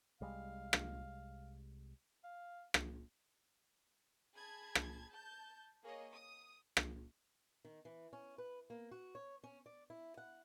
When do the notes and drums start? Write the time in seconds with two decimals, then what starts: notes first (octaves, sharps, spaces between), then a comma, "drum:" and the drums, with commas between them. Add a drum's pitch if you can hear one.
0.21 C2 G3 G#3 F5
0.73 drum: rim click
2.24 F5
2.74 drum: rim click
4.36 G#4 A5 B5 G#6
4.75 drum: rim click
5.11 A5 G6
5.82 A#3 G#4 C#5 D#5
6.13 D#6
6.77 drum: rim click
7.65 D#3
7.85 E3
8.13 C#4
8.38 B4
8.70 A#3
8.91 F#4
9.15 C#5
9.44 C#4
9.66 D5
9.90 E4
10.18 F#5